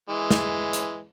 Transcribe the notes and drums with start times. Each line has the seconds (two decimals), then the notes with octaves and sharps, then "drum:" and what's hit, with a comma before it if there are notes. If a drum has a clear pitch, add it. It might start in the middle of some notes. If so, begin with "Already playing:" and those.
0.09 E3 G#3
0.31 drum: snare
0.73 drum: hi-hat